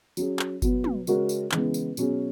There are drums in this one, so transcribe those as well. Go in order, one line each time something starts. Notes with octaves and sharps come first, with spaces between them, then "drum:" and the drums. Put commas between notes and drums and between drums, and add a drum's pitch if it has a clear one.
F#3 C#4 G#4, drum: tambourine
drum: clap
B2 F#3 B3, drum: kick G1, tambourine
drum: tom
C#3 G#3 C#4 F#4 A#4, drum: tambourine
drum: tambourine
C#3 E3 G#3 B3, drum: clap
drum: tambourine
B2 F#3 C#4 G#4, drum: tambourine